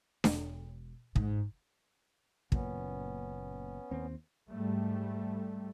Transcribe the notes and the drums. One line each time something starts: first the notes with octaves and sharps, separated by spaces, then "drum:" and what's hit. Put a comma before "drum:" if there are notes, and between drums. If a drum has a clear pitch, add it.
E1, drum: snare D4
G#2, drum: kick
F#1 A#2 B3 C#4, drum: kick
D#2 C4
G#2 G3 A3